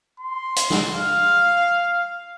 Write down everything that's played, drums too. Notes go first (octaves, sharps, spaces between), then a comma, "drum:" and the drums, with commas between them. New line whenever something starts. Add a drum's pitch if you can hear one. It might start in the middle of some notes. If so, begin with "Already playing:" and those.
C6
drum: hi-hat
drum: snare
F5